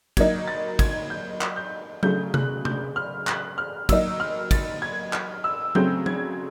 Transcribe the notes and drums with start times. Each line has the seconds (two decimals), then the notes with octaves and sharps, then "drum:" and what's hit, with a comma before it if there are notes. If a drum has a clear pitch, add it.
0.17 F#3 A#3 D#4 G#6, drum: kick, cymbal
0.48 A6
0.79 G#6, drum: kick, cymbal
1.10 G6
1.41 drum: clap
1.56 G6
2.03 C#3 F#3 A3 G6, drum: tom F#3
2.34 F#6, drum: tom C3
2.65 G6, drum: tom C3
2.96 F6
3.27 F#6, drum: clap
3.58 F6
3.89 F#3 A#3 D#4 E6, drum: kick, cymbal
4.20 F6
4.51 A6, drum: kick, cymbal
4.82 G#6
5.13 F6, drum: clap
5.44 E6
5.75 C#3 F#3 A3 C4 G6, drum: tom F#3
6.06 G#6, drum: tom F#3